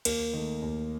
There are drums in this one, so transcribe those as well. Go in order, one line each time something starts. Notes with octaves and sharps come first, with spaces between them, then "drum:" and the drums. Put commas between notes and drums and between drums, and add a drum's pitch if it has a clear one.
D#2 A#3 A#4, drum: cymbal
D#3 A3
D#2